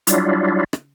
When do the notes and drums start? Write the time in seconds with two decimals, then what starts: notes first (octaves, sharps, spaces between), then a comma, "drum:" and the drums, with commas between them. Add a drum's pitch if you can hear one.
0.07 F#3 G3 D4 E4 F4, drum: hi-hat
0.73 drum: rim click